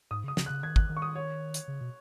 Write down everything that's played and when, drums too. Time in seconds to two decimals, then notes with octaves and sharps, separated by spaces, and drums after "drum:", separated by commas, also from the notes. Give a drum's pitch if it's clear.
0.11 G#2 D#6
0.24 C#3
0.28 D#6
0.37 C#3, drum: snare
0.46 F#6
0.50 C#3
0.63 D#3 G#6
0.76 F#6, drum: kick
0.89 D#3
0.97 C#6
1.02 D#6
1.16 C#5
1.54 drum: hi-hat
1.68 C#3
1.81 B2